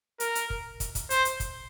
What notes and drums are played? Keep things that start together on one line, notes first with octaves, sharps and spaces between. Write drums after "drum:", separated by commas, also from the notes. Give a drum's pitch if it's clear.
A#4, drum: hi-hat
drum: hi-hat
drum: kick
drum: kick, hi-hat
drum: kick, hi-hat
C5, drum: hi-hat
drum: hi-hat
drum: kick, hi-hat